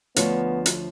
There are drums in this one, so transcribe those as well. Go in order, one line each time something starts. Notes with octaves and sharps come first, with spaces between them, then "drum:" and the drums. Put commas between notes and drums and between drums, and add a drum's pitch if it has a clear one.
D2 F3 B3 C#5, drum: hi-hat
drum: hi-hat